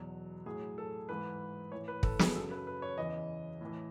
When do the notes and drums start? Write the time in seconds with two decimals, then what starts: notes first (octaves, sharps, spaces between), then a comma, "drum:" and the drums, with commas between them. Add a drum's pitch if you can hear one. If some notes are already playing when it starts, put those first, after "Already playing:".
Already playing: E2 B2 F#3
0.46 A2 F#3 G#4
0.78 A4
1.09 G#2 E3 B4
1.71 A2 E3 C#5
1.88 B4
2.03 A4, drum: kick
2.19 G#4, drum: snare
2.35 F#2 C#3 F#3 A4
2.51 B4
2.67 B4
2.82 C#5
2.98 E2 C#3 E3 D#5
3.61 A2 E3